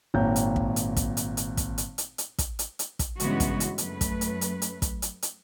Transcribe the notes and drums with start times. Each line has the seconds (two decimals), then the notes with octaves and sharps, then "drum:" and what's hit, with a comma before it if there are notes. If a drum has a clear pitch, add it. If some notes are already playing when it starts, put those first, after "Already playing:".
0.14 G#1 A#2 C#5 G5 A#5 G6
0.36 drum: hi-hat
0.56 drum: kick
0.76 drum: hi-hat
0.97 drum: kick, hi-hat
1.17 drum: hi-hat
1.37 drum: hi-hat
1.57 drum: kick, hi-hat
1.78 drum: hi-hat
1.98 drum: hi-hat
2.18 drum: hi-hat
2.38 drum: kick, hi-hat
2.59 drum: hi-hat
2.79 drum: hi-hat
2.99 drum: kick, hi-hat
3.20 G2 C#3 E3 G#3 B3 F#4, drum: hi-hat
3.40 drum: kick, hi-hat
3.60 drum: hi-hat
3.78 F#2 A3 B4, drum: hi-hat
4.01 drum: kick, hi-hat
4.21 drum: hi-hat
4.41 drum: hi-hat
4.62 drum: hi-hat
4.82 drum: kick, hi-hat
5.02 drum: hi-hat
5.22 drum: hi-hat